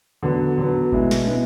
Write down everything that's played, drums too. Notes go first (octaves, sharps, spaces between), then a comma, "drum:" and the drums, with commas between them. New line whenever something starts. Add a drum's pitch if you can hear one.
D3 F#3 B3
D3 F#3 B3
B2 G#3 B3 E4, drum: kick G#1
drum: snare
B2 G#3 B3 E4